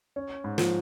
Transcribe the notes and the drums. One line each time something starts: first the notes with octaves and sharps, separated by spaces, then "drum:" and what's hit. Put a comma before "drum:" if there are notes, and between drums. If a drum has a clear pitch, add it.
C#4
G#2
F3, drum: snare